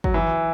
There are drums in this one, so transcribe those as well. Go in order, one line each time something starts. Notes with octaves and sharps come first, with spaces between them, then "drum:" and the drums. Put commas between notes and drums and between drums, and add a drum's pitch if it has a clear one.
F#3, drum: kick
E3